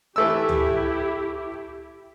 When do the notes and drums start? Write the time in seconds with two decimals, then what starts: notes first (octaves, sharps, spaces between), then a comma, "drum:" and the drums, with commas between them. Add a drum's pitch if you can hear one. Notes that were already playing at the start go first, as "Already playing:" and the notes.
0.16 E3 A3 E4 G4 E6
0.49 drum: tom C#2